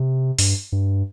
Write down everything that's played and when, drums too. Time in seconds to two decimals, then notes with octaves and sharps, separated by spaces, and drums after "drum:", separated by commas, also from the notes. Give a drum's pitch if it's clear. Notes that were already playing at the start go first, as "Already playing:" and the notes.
Already playing: C3
0.39 G2, drum: open hi-hat
0.72 G2